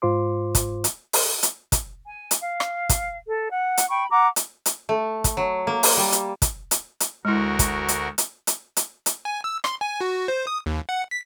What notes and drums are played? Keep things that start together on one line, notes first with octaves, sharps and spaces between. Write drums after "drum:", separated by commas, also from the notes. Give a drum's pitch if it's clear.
G#2 F4 C5 C6 D6
drum: kick, hi-hat
drum: hi-hat
drum: open hi-hat
drum: hi-hat
drum: kick, hi-hat
G#5
drum: hi-hat
F5
drum: rim click
drum: kick, hi-hat
A4
F#5
drum: hi-hat
G5 B5 C#6
F#5 A#5 D6
drum: hi-hat
drum: hi-hat
A3
drum: kick, hi-hat
F#3
A#3
drum: open hi-hat
G3
drum: hi-hat
drum: kick, hi-hat
drum: hi-hat
drum: hi-hat
D2 G#3 E4 F#4 A#4
drum: kick, hi-hat
drum: hi-hat
drum: hi-hat
drum: hi-hat
drum: hi-hat
drum: hi-hat
G#5
E6
C6, drum: rim click
G#5
F#4
C5
D#6
D#2
F#5
B6